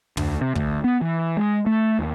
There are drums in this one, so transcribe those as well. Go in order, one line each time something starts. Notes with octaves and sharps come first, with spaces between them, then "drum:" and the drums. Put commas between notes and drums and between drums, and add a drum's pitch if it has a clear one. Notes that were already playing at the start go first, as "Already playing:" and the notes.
D2, drum: tom
C3
D2, drum: kick
B3
E3
G#3
A3
D#2